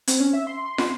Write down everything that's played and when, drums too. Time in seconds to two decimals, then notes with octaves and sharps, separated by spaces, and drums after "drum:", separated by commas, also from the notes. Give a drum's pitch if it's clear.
0.07 C4, drum: hi-hat
0.20 C#4
0.33 E5
0.47 C6
0.65 C6
0.78 drum: snare